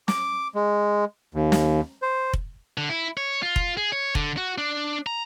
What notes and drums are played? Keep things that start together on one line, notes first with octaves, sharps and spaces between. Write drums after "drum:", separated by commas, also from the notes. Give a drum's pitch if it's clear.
D6, drum: snare
G#3
D#2
drum: snare
C5
drum: kick F1
D3
E4
C#5
F4
drum: kick F1
G#4
C#5
D3, drum: kick F1
F#4
D4
A#5